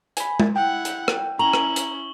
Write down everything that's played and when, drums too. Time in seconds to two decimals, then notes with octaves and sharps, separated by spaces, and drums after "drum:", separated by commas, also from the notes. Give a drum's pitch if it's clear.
0.17 G#5 B5, drum: hi-hat
0.40 drum: tom G#3
0.56 E4 F#5 G5
0.85 drum: hi-hat
1.08 drum: rim click
1.39 C#4 E4 A#5 C#6 F#7 G7
1.53 drum: rim click
1.76 drum: hi-hat